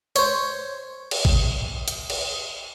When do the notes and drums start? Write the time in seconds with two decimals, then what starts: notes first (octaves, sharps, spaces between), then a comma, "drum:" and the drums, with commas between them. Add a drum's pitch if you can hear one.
0.16 C5 C#5, drum: hi-hat
1.11 drum: cymbal
1.25 drum: kick
1.88 drum: hi-hat
2.10 drum: cymbal